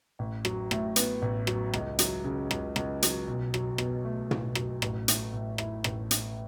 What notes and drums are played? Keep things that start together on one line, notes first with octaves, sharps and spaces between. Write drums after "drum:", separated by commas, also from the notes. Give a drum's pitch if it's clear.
A1
F#3, drum: rim click
A2, drum: rim click
B3, drum: hi-hat
A1
F#3, drum: rim click
C#2, drum: rim click
F#3, drum: hi-hat
C#3
C#2, drum: rim click
C#2, drum: rim click
F#3, drum: hi-hat
B1
F#3, drum: rim click
B2, drum: rim click
A3
B1, drum: tom
F#3, drum: rim click
A1, drum: rim click
A3, drum: hi-hat
A2
E4, drum: rim click
A1, drum: rim click
A3, drum: hi-hat